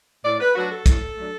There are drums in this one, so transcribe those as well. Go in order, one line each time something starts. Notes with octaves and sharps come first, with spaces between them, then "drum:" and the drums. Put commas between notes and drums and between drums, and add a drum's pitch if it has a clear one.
A2 D5
B4
F#3 A3 D4 F#4
A4
A2, drum: kick, hi-hat
F#3 A3 D4